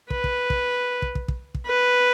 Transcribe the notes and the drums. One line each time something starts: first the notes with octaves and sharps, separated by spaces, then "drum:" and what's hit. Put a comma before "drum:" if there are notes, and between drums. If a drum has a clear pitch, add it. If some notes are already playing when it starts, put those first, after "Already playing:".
B4, drum: kick
drum: kick
drum: kick
drum: kick
drum: kick
drum: kick
drum: kick
B4